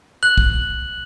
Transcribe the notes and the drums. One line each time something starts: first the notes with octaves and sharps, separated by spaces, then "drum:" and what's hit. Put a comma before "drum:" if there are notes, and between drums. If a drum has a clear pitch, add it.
F#6 F#7
drum: kick